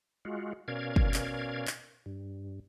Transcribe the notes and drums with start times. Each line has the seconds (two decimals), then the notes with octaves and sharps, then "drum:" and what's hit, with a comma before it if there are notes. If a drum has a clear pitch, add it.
0.25 G#3 F4 F#4
0.68 B2 C#4 A#4 D5 F5 G#6
0.96 drum: kick
1.14 drum: clap
1.67 drum: clap
2.06 G2